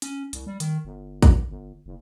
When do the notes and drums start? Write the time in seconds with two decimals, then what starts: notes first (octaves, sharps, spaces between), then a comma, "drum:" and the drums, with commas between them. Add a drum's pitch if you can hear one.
0.02 C#4, drum: hi-hat
0.33 C2, drum: hi-hat
0.46 G3
0.60 D#3, drum: hi-hat
0.85 G1
1.22 drum: kick, hi-hat
1.50 G1
1.86 F#1